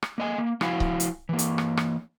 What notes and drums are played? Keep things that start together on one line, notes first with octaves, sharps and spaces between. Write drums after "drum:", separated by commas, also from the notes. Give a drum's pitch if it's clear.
drum: rim click
A#3 D#5 G#5
A#3
F3 E4 F#4 F5 G#5, drum: rim click
drum: kick C#1
drum: hi-hat
E3 A#3
drum: hi-hat
drum: rim click
drum: rim click